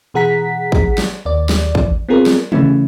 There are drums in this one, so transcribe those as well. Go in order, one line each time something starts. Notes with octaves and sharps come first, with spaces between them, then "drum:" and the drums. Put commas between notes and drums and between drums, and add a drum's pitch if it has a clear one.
B2 E3 G#4 F#5 A#5 B6
drum: kick
drum: snare
D#2 D5
drum: snare
drum: kick
B3 C4 F4 G#4 A#4
drum: snare
C#3 E3 A3 C#4 E4, drum: tom